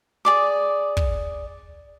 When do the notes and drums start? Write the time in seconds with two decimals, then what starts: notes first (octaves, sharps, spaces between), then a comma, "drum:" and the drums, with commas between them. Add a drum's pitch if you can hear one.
0.25 G#4 D5 D6
0.97 drum: kick